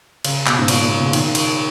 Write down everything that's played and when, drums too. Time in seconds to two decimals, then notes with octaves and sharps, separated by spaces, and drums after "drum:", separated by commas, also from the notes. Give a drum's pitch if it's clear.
0.25 C#3, drum: cymbal
0.46 B2, drum: clap
0.59 G#2
0.68 A#2, drum: cymbal
0.83 B2
0.98 C#3
1.13 D#3, drum: cymbal
1.35 drum: cymbal